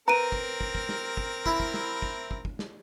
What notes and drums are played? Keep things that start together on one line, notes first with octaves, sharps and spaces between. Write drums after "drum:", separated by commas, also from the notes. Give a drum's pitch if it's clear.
C4 A#4 B4 A#5 D7 D#7
drum: kick
drum: kick
drum: kick
drum: snare
drum: kick
E4, drum: kick
drum: kick
drum: snare
drum: kick
drum: kick
drum: kick
drum: snare